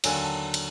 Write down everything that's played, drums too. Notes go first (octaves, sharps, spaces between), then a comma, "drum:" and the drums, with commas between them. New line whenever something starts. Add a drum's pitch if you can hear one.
D#2 D3 F#3 G#5, drum: cymbal
A5
drum: cymbal